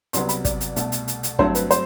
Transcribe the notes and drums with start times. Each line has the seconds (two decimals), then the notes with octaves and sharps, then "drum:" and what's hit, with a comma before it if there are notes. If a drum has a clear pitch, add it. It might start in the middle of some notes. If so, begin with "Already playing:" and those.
0.13 C2 C3 F#3 B3 C6, drum: hi-hat
0.29 B5, drum: hi-hat
0.45 D5, drum: kick, hi-hat
0.61 drum: hi-hat
0.76 C2 B2 A3, drum: hi-hat
0.92 drum: hi-hat
1.08 drum: hi-hat
1.23 drum: hi-hat
1.39 G2 F#3 A3 C4 C5, drum: kick
1.55 B4, drum: hi-hat
1.71 C5, drum: hi-hat